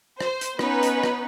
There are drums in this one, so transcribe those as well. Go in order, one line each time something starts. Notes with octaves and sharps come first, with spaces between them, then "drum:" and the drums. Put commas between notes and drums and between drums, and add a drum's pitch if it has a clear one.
C5, drum: rim click
drum: hi-hat
B3 C#4 D#4 B4, drum: rim click
drum: hi-hat
drum: rim click